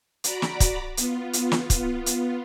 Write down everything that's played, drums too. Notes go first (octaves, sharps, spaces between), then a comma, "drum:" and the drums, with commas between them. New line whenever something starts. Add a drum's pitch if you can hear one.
F#4 D5 A#5 B5 D6, drum: hi-hat
drum: snare
drum: kick, hi-hat
B3 F4, drum: hi-hat
drum: hi-hat
drum: snare
drum: kick, hi-hat
drum: hi-hat